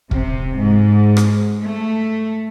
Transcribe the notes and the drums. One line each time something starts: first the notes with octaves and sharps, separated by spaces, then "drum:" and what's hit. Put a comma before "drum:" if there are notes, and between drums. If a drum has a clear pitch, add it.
C3, drum: kick
G#2
drum: rim click
A3